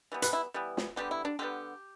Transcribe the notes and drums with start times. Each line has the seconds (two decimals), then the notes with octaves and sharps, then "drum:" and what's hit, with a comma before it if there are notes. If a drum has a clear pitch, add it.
0.12 E3 G3 B3
0.22 B4, drum: hi-hat
0.33 E4
0.54 E3 G3 B3
0.77 drum: snare
0.96 D3 G3 B3 G4
1.11 E4
1.25 D4
1.39 D3 G3 B3 G4